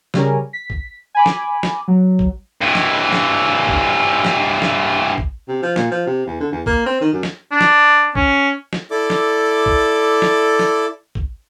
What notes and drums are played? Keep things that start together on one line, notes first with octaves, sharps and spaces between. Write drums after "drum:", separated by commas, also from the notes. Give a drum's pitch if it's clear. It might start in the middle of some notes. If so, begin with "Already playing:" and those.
C#3 G3 C#4 G#4 A#4, drum: snare
B6
drum: kick
G#5 B5 D6
drum: snare
drum: snare
F#3
drum: kick
G2 E3
drum: snare
drum: snare
drum: kick
drum: snare
drum: snare
drum: kick
C3
F3
A#2, drum: snare
F3
C3
E2
D3
E2
A#3, drum: kick
C4
D#3
F#2
drum: snare
D4
drum: snare
C#4, drum: kick
drum: snare
E4 A4 D5 D6
drum: snare
drum: kick
drum: snare
drum: snare
drum: kick